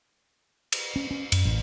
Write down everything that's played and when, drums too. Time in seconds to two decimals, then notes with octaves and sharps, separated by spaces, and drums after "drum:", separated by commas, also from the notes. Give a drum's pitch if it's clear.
0.72 drum: cymbal
0.96 C#4
1.11 C#4
1.32 F#2, drum: cymbal
1.45 A1